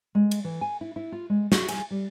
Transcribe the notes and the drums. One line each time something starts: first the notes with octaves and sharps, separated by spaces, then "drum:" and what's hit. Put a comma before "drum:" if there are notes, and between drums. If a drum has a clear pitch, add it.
G#3
drum: cymbal
E3
G#5
E4
E4
F4
G#3
F#4, drum: snare
G#5, drum: cymbal
G3